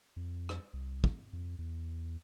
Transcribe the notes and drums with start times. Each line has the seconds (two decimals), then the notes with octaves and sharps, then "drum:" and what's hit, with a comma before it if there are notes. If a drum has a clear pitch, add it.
0.16 F2
0.49 drum: rim click
0.73 C2
1.04 drum: kick
1.33 F2
1.58 E2